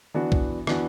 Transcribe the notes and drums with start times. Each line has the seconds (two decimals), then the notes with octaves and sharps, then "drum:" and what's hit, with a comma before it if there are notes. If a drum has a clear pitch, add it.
0.14 E3 B3 D4 F#4
0.32 drum: kick B1
0.67 E3 B3 D4 F#4, drum: rim click